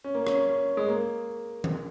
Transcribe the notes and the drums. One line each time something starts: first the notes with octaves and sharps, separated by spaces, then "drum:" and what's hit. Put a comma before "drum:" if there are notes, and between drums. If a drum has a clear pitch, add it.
C#4
A#3
C#4, drum: rim click
G#3
A#3
drum: tom D#3